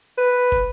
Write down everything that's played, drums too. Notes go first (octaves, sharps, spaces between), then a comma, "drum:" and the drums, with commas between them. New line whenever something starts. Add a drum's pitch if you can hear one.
B4
drum: kick